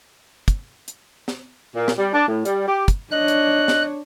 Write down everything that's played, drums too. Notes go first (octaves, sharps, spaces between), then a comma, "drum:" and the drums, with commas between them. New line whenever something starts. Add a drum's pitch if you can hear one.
drum: kick, hi-hat
drum: hi-hat
drum: snare
A#2
drum: snare
G3
D4
A2
G3, drum: hi-hat
G4
drum: kick, hi-hat
D4 C#5 D#5 F#6
drum: hi-hat
drum: snare